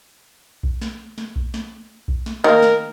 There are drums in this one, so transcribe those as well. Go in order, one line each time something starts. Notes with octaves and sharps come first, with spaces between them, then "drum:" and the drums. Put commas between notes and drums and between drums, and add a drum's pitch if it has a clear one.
drum: kick B1
drum: snare
drum: snare
drum: kick B1
drum: snare
drum: kick B1
drum: snare
D#3 A#3 A#4
drum: snare